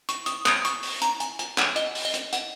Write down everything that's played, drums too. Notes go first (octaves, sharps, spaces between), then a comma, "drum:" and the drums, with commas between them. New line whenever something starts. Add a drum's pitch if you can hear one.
C#6, drum: hi-hat
D#6, drum: hi-hat
D#6, drum: clap
C#6, drum: hi-hat
drum: open hi-hat
A#5, drum: hi-hat
G#5, drum: hi-hat
G#5, drum: hi-hat
F#5, drum: clap
D#5, drum: hi-hat
drum: open hi-hat
D#5
drum: hi-hat
F#5, drum: hi-hat